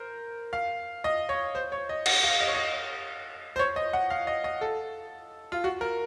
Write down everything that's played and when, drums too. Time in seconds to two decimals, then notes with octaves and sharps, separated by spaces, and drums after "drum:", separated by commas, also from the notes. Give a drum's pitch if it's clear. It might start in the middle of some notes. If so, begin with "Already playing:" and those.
Already playing: A#4 C5
0.53 F5
1.04 D#5
1.29 C#5
1.55 C5
1.72 C#5
1.89 D#5
2.06 F#5, drum: cymbal
2.23 F5
2.40 D#5
2.48 C#5
2.55 D#5
3.56 C5
3.59 C#5
3.76 D#5
3.93 F#5
4.10 F5
4.27 D#5
4.44 D#5
4.61 A4
5.52 F4
5.64 F#4
5.81 A#4